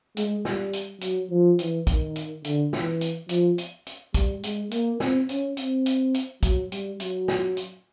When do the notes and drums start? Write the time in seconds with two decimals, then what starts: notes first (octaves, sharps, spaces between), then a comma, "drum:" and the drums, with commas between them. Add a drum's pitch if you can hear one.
0.17 G#3, drum: hi-hat
0.45 G3, drum: snare
0.73 drum: hi-hat
1.01 F#3, drum: hi-hat
1.30 F3
1.59 E3, drum: hi-hat
1.87 D#3, drum: kick, hi-hat
2.16 drum: hi-hat
2.45 D3, drum: hi-hat
2.73 E3, drum: snare
3.01 drum: hi-hat
3.29 F3, drum: hi-hat
3.58 drum: hi-hat
3.87 drum: hi-hat
4.14 G3, drum: kick, hi-hat
4.43 G#3, drum: hi-hat
4.71 A#3, drum: hi-hat
5.00 C4, drum: snare
5.29 C#4, drum: hi-hat
5.57 C4, drum: hi-hat
5.86 drum: hi-hat
6.14 drum: hi-hat
6.43 F#3, drum: kick, hi-hat
6.72 G3, drum: hi-hat
7.00 F#3, drum: hi-hat
7.28 drum: snare
7.57 drum: hi-hat